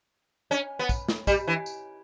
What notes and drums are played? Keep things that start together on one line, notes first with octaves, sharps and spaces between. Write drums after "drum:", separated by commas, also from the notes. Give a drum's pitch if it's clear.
C#4
B3
drum: kick, tambourine
drum: snare
G3, drum: kick, tambourine
E3
drum: tambourine